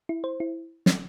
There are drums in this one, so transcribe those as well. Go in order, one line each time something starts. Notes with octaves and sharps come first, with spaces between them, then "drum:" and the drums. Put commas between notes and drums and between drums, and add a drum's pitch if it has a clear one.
E4
C5
E4
drum: snare